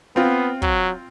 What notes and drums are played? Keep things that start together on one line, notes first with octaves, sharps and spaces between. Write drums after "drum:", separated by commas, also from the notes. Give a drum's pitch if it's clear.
B3 C4 F4
F#3, drum: kick